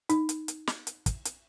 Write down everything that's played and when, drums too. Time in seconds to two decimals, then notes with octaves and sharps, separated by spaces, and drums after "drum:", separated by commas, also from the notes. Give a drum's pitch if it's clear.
0.09 D#4, drum: hi-hat
0.29 drum: hi-hat
0.48 drum: hi-hat
0.67 drum: snare
0.87 drum: hi-hat
1.06 drum: kick, hi-hat
1.25 drum: hi-hat